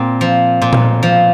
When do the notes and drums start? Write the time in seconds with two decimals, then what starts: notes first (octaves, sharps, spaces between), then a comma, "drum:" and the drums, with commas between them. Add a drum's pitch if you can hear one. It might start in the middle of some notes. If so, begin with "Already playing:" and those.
Already playing: A#2 C4
0.21 F3
0.62 A#2
0.73 drum: tom A#2
1.03 F3